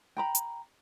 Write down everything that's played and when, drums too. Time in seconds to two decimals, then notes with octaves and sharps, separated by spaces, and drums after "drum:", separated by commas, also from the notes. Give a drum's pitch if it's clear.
0.17 G5 A#5 B5
0.35 drum: hi-hat